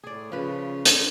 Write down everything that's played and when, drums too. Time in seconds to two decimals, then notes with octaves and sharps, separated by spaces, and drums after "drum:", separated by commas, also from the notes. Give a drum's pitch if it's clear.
0.03 A2 G#4 D5
0.32 C#3 F3 B4
0.85 D3, drum: hi-hat